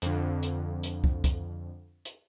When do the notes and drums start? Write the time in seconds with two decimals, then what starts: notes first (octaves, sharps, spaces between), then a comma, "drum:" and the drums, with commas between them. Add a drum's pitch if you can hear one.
0.02 F2 D3, drum: hi-hat
0.43 drum: hi-hat
0.83 drum: hi-hat
1.04 drum: kick
1.24 drum: kick, hi-hat
2.05 drum: hi-hat